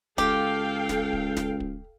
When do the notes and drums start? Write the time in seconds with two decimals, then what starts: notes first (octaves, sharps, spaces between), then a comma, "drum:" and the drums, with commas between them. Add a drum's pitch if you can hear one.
0.18 C#2 G4 A4 F5 G5, drum: snare
0.89 drum: snare
1.13 drum: kick
1.37 drum: snare
1.60 drum: kick